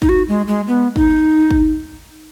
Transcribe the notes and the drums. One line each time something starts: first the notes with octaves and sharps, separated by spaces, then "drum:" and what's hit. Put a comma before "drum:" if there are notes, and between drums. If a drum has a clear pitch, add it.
D#4, drum: kick
F#4
G#3
G#3
B3
D#4, drum: kick
drum: kick